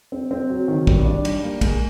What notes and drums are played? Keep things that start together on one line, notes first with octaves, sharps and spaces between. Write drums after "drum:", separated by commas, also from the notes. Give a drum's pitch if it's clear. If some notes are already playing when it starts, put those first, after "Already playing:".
C4
C4
F#3
D#3
G3, drum: kick
D4
G3, drum: cymbal
A#3
G#3, drum: kick, cymbal